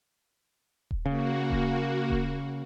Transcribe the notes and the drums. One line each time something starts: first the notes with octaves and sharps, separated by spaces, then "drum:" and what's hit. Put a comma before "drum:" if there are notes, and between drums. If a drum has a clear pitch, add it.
drum: kick D#1
C#3 A#3 F#4
drum: kick D#1
drum: kick D#1